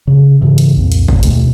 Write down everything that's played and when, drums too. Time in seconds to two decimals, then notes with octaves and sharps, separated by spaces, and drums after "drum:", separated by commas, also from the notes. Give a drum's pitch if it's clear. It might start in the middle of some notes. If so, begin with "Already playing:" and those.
0.07 C#3
0.41 G#2 C#3 E3
0.58 drum: hi-hat
0.77 C2 F2 A#2
0.92 drum: hi-hat
1.08 drum: kick
1.23 D#2 B2 A3, drum: hi-hat